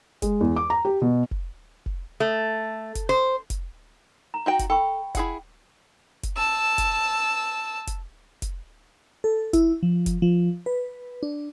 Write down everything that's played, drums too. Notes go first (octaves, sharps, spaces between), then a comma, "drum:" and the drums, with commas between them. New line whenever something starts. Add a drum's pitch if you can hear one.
G#3, drum: kick F1, hi-hat
E2
D6
A#5
G4
B2
drum: kick F1
drum: kick F1
A3
drum: kick F1, hi-hat
C5
drum: kick F1, hi-hat
A#5
D#4 F#4 G5
drum: kick F1, hi-hat
A4 G5 B5 C#6
E4 G#4 F#5, drum: kick F1, hi-hat
drum: kick F1, hi-hat
A5 E6
drum: kick F1, hi-hat
drum: kick F1, hi-hat
drum: kick F1, hi-hat
A4
E4, drum: kick F1, hi-hat
F3
drum: kick F1, hi-hat
F3
B4
D4